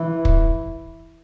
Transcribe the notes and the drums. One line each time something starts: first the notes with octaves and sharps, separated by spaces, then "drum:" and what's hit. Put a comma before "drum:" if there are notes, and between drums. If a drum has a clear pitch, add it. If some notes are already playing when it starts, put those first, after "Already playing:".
Already playing: E3
drum: kick